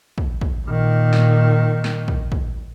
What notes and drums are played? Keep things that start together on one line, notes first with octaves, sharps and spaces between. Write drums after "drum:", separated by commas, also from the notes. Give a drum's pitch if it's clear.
drum: kick
drum: kick
A#2 D#3
drum: snare
drum: snare
drum: kick
drum: kick